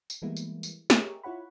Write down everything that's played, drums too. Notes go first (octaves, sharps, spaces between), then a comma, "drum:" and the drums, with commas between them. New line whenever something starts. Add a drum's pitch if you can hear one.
drum: tambourine
E3 G3 G#3 A#3 B3 E4
drum: tambourine
drum: tambourine
G4 G#4 A#4 C#5 D#5 E5, drum: snare
E4 F4 C#5 F#5 B5